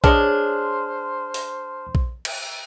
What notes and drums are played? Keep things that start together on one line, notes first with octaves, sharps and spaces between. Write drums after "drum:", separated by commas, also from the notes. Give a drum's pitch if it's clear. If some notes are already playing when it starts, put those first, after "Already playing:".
D4 G#4 C5 C#5 D#5 A5 C6 F6, drum: kick A#1
drum: open hi-hat
drum: kick A#1
drum: cymbal